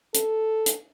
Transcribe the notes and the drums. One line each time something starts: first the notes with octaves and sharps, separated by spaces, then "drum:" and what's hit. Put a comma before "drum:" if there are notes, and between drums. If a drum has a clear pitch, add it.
A4, drum: hi-hat
drum: hi-hat